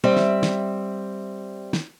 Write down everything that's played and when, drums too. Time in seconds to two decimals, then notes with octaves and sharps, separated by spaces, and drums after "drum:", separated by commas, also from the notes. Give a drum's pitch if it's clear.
0.04 G3 C4 E5
0.17 drum: snare
0.43 drum: snare
1.73 drum: snare